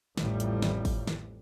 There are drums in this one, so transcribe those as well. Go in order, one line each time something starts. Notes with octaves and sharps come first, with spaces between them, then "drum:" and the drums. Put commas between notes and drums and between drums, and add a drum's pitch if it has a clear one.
A1 F2 A2 F3 G3, drum: snare
drum: hi-hat
drum: snare
drum: kick, open hi-hat
drum: snare